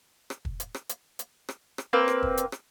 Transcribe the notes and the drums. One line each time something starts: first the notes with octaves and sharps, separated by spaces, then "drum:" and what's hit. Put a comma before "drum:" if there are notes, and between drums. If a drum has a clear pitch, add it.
drum: rim click
drum: kick
drum: hi-hat
drum: rim click
drum: hi-hat
drum: hi-hat
drum: rim click
drum: rim click
A#3 C4 B4
drum: rim click
drum: kick
drum: hi-hat
drum: rim click